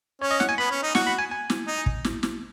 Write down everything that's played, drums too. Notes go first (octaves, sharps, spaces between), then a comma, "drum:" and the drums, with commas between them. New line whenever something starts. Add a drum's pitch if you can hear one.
C#4 C#5
D#5
F#5, drum: snare
G#5
B3 B5
C#4
D#4
F#4 C#6, drum: snare
B5
G#5
G#5
drum: snare
D#4
drum: kick
drum: snare
drum: snare